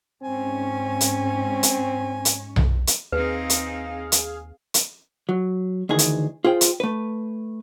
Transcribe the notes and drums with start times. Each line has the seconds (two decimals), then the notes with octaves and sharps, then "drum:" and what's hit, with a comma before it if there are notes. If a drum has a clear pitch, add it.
0.23 G#2 C4 C#4 G#5
1.01 drum: hi-hat
1.63 drum: hi-hat
2.25 drum: hi-hat
2.56 drum: tom B1
2.87 drum: hi-hat
3.12 D#2 C4 D#4 G#4 B4 F5
3.50 drum: hi-hat
4.12 drum: hi-hat
4.74 drum: hi-hat
5.29 F#3
5.89 D2 D#3 E3 G#4
5.99 drum: hi-hat
6.44 F4 G#4 C5 G5
6.61 drum: hi-hat
6.80 A3 B4